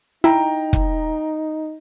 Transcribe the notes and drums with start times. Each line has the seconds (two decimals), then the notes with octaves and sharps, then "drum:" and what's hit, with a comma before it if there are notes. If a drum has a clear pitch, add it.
0.24 D#4 E4 G5 A#5
0.73 drum: kick